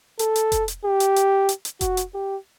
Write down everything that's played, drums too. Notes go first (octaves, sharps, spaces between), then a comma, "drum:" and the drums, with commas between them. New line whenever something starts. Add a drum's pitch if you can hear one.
A4, drum: hi-hat
drum: hi-hat
drum: kick F1, hi-hat
drum: hi-hat
G4
drum: hi-hat
drum: hi-hat
drum: hi-hat
drum: hi-hat
F#4, drum: kick F1, hi-hat
drum: hi-hat
G4